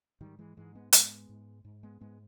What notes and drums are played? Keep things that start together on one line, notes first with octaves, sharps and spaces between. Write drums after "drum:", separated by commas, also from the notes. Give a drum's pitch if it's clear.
G#2 D#3 G3
E3 G#3
G#2 E3 G#3
G#3 B3
G#2 G#3 B3, drum: hi-hat
G#2
G#2
G#3 B3
G#2 G#3 B3